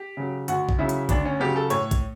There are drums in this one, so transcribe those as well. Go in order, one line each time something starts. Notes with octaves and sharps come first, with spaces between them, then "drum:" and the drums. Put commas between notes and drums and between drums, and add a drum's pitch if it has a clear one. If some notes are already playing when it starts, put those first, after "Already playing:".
Already playing: G4
C#3 F#3
D2 F#4, drum: hi-hat
drum: kick
C#3 F#3 E4
drum: hi-hat
D2 D4, drum: kick, hi-hat
C#4
C#3 F#3 G4
A4
A2 C#5, drum: hi-hat
drum: kick, hi-hat